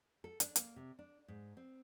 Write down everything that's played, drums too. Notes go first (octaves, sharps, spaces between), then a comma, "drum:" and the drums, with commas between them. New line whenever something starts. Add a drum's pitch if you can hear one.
A4
D4, drum: hi-hat
A#3, drum: hi-hat
C3
D4
G#2
C4